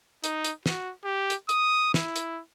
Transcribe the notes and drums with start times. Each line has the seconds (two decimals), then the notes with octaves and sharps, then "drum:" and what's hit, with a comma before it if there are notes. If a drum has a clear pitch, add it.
0.24 D#4, drum: hi-hat
0.44 drum: hi-hat
0.66 F#4, drum: snare
1.04 G4
1.30 drum: hi-hat
1.49 D#6, drum: hi-hat
1.94 E4, drum: snare
2.16 drum: hi-hat